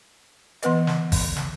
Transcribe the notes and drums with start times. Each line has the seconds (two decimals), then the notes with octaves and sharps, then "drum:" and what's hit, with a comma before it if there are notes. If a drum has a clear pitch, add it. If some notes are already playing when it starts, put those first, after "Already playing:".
0.63 E3 B3 B4 D#5, drum: hi-hat
0.87 drum: snare
1.12 drum: kick G#1, open hi-hat
1.36 drum: snare